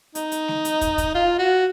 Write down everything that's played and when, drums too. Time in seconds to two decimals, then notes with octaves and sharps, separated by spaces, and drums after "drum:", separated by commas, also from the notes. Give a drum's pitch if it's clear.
0.15 D#4, drum: hi-hat
0.32 drum: hi-hat
0.48 drum: snare
0.65 drum: hi-hat
0.81 drum: kick, hi-hat
0.98 drum: kick, hi-hat
1.15 F4
1.39 F#4